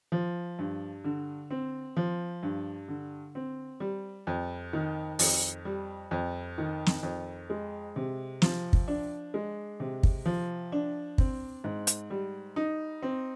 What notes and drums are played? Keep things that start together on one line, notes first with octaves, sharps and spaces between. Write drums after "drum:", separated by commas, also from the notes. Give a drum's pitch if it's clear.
F3
G2
D3
C4
F3
G2
D3
C4
G3
F2
D#3
F2, drum: open hi-hat
G3
F2
D#3
drum: snare
F2
G#3
C3
F3, drum: snare
drum: kick
D4
G#3
C3
drum: kick
F3
D4
C4, drum: kick
G#2
drum: hi-hat
G3
D#4
C4